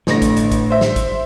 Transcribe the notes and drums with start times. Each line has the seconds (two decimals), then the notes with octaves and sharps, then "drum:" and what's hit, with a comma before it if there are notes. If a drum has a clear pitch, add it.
0.07 A1 A2 D3 A#6, drum: snare
0.22 drum: kick A1, hi-hat
0.37 drum: hi-hat
0.52 drum: kick A1, hi-hat
0.70 C5 E5
0.81 drum: snare
0.96 drum: kick A1, hi-hat